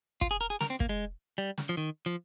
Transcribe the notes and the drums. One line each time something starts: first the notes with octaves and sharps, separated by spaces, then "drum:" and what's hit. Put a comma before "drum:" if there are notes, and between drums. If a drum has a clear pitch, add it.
F4, drum: kick
G#4
A#4
G#4
A#4, drum: snare
C4
A#3, drum: kick
G#3
G3
drum: snare
F3
D#3
F3